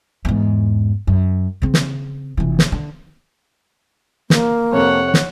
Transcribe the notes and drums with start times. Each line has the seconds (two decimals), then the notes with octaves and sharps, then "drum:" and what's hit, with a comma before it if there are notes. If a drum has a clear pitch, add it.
0.25 E2 G#2
1.07 F#2
1.62 C#3 C4
1.74 drum: snare
2.37 F1 E3
2.59 drum: snare
2.72 D3
4.30 A#3, drum: snare
4.72 F2 C3 A4 C#5 F#5
5.14 drum: snare